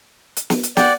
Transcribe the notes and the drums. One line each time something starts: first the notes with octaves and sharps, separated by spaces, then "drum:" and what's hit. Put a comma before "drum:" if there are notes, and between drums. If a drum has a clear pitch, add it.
drum: hi-hat
drum: snare
drum: hi-hat
D5 F#5 G5, drum: snare